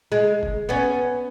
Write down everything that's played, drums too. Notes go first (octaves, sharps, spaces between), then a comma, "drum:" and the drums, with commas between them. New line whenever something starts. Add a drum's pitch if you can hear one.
G#3
drum: kick F#1
B3 C#4